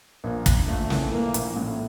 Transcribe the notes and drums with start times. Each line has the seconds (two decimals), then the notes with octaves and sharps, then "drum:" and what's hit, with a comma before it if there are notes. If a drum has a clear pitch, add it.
0.24 A#1 A#3
0.46 A#1, drum: kick, hi-hat
0.68 A#1 A3
0.90 E3, drum: snare
1.12 E3 A#3
1.34 A#1, drum: hi-hat
1.56 A2